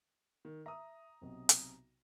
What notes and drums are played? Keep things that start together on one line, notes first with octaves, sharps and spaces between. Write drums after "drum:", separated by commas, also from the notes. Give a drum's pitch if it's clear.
D#3
E5 A#5 D#6
B1 C3
drum: hi-hat